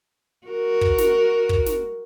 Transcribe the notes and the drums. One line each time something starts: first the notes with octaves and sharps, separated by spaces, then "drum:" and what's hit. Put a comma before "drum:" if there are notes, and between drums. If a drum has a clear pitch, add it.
F#4 A#4
drum: kick
drum: snare
drum: kick
drum: snare